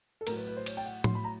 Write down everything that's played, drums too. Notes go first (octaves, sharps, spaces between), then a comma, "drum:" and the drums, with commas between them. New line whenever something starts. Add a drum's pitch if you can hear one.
A4
A2 F#3 A#4, drum: cymbal
B4
B4
C5
C#5, drum: cymbal
G5
F#5
A2 F#3 C6, drum: tom A2
B5
A#5